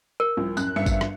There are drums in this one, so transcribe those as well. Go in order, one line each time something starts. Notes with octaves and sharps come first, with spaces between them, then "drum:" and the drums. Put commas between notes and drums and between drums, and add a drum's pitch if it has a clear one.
A#4
C2 F3
F#2 F#6, drum: tambourine
G1 E5 C#7
drum: kick G#1, tambourine
drum: rim click